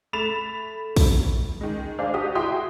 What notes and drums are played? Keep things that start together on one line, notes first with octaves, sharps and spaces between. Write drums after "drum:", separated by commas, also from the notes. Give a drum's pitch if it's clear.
A3 B5 A6 E7 F7
drum: kick, open hi-hat
D#3 G#3
D4 G#4 C5 F5
F#4 G4 D#6
E4 F#4 G#4 G5 C6 D#6